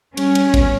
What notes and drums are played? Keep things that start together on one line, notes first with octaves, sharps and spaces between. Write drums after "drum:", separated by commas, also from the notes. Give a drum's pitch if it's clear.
G3 C#4, drum: cymbal
G3, drum: cymbal
B3, drum: kick, cymbal